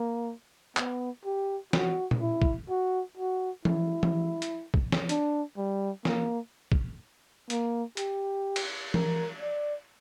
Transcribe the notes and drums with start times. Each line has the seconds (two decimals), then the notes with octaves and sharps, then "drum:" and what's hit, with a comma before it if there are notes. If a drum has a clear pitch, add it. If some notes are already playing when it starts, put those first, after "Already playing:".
Already playing: A#3
0.77 B3, drum: clap
1.25 G4
1.73 F#4, drum: snare
2.11 drum: tom A#2
2.21 E4
2.42 drum: kick
2.69 F#4
3.17 F#4
3.65 E4, drum: tom E3
4.03 drum: tom E3
4.42 drum: hi-hat
4.74 drum: kick
4.92 drum: snare
5.09 D4, drum: hi-hat
5.57 G3
6.05 A#3, drum: snare
6.72 drum: kick
7.50 A#3, drum: hi-hat
7.97 G4, drum: hi-hat
8.56 drum: cymbal
8.94 A#4, drum: tom E3
9.42 D5